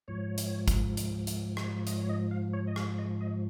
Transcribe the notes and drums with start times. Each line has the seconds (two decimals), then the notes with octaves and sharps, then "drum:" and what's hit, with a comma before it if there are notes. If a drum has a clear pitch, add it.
0.08 G#2 F3 C#5
0.38 drum: hi-hat
0.68 drum: kick, hi-hat
0.97 drum: hi-hat
1.27 drum: hi-hat
1.57 drum: rim click
1.87 D#5, drum: hi-hat
1.98 C#5
2.09 D#5
2.31 F5
2.53 C#5
2.67 D#5
2.76 F5, drum: rim click
2.99 D#5
3.21 D#5